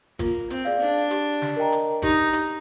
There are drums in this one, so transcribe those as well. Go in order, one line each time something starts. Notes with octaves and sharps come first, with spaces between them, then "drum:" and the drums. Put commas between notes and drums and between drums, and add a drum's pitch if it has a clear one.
A#3 F4, drum: kick G#1, hi-hat
C4, drum: hi-hat
G#4 D5 F5
D4
G4, drum: hi-hat
drum: snare
A#4 D#5 G5 A#5
drum: hi-hat
D#4 G4, drum: kick G#1, hi-hat
drum: hi-hat